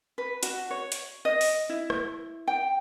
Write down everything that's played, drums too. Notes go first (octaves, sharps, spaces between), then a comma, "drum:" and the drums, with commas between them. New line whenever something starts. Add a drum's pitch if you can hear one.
B4
F#4, drum: hi-hat
C#5
drum: hi-hat
D#5
drum: open hi-hat
E4
drum: rim click
G5